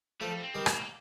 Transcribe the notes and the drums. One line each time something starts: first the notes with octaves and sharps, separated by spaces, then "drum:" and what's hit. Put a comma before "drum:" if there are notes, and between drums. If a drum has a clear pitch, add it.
F3 G3 A3
C4
D#3 G3
A#3, drum: rim click